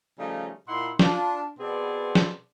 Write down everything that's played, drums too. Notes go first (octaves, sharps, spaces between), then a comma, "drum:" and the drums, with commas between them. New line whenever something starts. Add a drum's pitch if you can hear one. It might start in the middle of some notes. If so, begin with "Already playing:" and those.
C#3 F3 G3 A3 C#4 D#4
A#2 D#4 E4 F#5 C6
D4 F4, drum: snare
B2 B3 C4 G#4 D5 C6
drum: snare